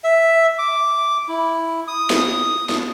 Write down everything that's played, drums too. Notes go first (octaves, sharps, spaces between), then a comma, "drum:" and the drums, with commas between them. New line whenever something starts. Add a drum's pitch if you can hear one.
E5
D6
E4
D#6
drum: snare
drum: snare